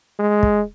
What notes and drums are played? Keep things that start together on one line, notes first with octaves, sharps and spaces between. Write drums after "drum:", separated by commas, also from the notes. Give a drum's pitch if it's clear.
G#3
drum: kick